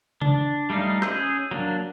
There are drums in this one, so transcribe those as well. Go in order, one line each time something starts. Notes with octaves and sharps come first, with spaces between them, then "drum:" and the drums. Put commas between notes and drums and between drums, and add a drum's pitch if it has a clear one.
D4, drum: tom C#3
G3 A3 D#4 F5
C#4 G#4 E6 G6, drum: rim click
F#3 A#3 D4